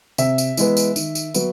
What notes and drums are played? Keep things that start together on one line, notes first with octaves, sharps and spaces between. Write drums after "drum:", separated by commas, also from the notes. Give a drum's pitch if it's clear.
C3 E5, drum: tambourine
drum: tambourine
E3 G#3 B3, drum: tambourine
drum: tambourine
D#3, drum: tambourine
drum: tambourine
F#3 B3, drum: tambourine